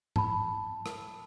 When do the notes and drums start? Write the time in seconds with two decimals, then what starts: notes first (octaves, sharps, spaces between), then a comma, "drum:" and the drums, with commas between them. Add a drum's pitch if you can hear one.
0.16 A5 B5, drum: tom G#2
0.86 drum: rim click